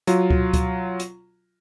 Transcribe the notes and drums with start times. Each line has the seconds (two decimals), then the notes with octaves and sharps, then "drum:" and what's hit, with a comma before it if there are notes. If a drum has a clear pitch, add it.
0.07 F#3 F4, drum: hi-hat
0.30 drum: kick C#2
0.54 drum: kick C#2, hi-hat
1.00 drum: hi-hat